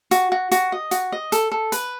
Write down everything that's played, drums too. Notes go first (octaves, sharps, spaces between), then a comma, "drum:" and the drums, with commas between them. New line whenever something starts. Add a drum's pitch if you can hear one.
F#4, drum: hi-hat
F#4
F#4, drum: hi-hat
D#5
F#4, drum: hi-hat
D#5
A4, drum: hi-hat
A4
B4, drum: hi-hat